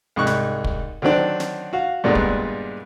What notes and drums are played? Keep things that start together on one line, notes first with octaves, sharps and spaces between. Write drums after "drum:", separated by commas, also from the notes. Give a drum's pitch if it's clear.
C2 G#2 C#6 F#6
drum: snare
drum: kick
D3 D#3 F#3 C4 D4
drum: snare
F#4 F5
G2 A#2 D3 G#3 B3
drum: kick